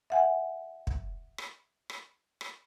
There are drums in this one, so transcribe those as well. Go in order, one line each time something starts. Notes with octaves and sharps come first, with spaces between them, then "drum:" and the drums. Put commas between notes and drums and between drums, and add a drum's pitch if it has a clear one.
E5 F#5 G#5
drum: kick
drum: rim click
drum: rim click
drum: rim click